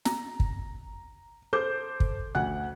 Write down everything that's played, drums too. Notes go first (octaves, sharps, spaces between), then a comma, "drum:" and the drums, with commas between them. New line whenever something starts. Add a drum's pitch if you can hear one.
A#5, drum: snare
drum: kick
A4 C5 D6 G6
drum: kick
D2 F#5 F#6